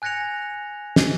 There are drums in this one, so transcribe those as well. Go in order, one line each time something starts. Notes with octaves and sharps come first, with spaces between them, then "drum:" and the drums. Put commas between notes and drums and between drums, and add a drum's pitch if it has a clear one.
G#5 F#6 G#6 A#6 C#7 F7
drum: snare